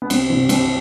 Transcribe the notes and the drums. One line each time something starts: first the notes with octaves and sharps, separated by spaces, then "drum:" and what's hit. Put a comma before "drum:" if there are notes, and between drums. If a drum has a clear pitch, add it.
B3
C2 C4, drum: cymbal
C3 E3 C4
C2 C4, drum: cymbal